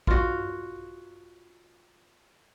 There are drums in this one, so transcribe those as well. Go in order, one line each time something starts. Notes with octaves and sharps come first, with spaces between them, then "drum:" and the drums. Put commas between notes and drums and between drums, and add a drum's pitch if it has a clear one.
F4 F#4, drum: kick